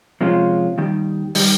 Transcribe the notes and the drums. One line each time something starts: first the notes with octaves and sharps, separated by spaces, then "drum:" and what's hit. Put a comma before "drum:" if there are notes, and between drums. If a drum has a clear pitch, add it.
C3 F3 G#3 C#4 F4
D#2 D#3 G3
D#3 G3, drum: open hi-hat